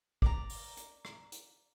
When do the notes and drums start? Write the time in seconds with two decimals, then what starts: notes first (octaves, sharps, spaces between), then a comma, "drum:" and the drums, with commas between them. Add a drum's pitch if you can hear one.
0.22 D5 A#5, drum: kick
0.50 drum: open hi-hat
0.77 drum: hi-hat
1.05 drum: rim click
1.32 drum: hi-hat